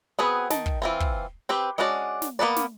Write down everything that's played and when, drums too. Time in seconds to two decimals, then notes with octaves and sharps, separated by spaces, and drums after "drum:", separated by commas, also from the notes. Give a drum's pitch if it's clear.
0.19 B3 C4 F#4 G#4 B4
0.50 D#3 A5, drum: snare
0.66 drum: kick
0.82 E3 C4 F4
1.00 drum: kick
1.49 C4 G4 B4
1.78 G#3 C#4 D4 F#4 D5
2.22 drum: snare
2.39 A#3 B3 B4 D5
2.56 drum: snare